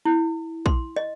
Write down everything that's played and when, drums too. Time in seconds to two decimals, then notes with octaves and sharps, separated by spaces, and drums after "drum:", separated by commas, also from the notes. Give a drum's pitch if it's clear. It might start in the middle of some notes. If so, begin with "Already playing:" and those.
0.05 E4
0.66 C6, drum: kick
0.96 D#5